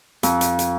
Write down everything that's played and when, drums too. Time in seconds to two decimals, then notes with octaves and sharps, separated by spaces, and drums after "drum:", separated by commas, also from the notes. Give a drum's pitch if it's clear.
0.23 F2, drum: hi-hat
0.41 drum: hi-hat
0.59 drum: hi-hat